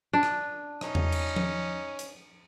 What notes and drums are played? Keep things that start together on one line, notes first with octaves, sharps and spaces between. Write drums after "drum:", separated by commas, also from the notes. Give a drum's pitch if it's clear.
D4
drum: rim click
C#4 D#4, drum: rim click
drum: tom E2
drum: cymbal
drum: tom F3
drum: hi-hat